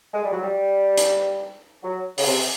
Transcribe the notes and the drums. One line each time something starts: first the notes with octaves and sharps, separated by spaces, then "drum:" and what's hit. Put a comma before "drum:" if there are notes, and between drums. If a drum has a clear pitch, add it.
G#3
G3
F#3
G3
drum: hi-hat
F#3
C#3, drum: open hi-hat
C3